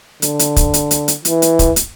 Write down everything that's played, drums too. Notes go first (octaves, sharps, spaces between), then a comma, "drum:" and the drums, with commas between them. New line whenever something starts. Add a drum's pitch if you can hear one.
D3, drum: hi-hat
drum: hi-hat
drum: kick, hi-hat
drum: hi-hat
drum: hi-hat
drum: hi-hat
E3, drum: hi-hat
drum: hi-hat
drum: kick, hi-hat
drum: hi-hat